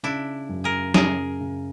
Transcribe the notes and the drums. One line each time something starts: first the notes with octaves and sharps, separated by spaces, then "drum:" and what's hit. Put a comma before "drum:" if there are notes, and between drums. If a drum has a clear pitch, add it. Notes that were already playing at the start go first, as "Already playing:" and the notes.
C#3 D4 E4
F#2
G#4 A#4
C#3 G#4 A#4, drum: snare
C#3